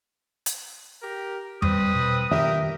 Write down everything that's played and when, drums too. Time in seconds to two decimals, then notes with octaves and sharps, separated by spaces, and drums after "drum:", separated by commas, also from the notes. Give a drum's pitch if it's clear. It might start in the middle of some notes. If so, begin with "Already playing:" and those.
0.46 drum: hi-hat
1.03 G4 A#4
1.62 G3 C4 B4 D#6, drum: tom E2
1.95 B2
2.31 D#3 G4 A#4 E5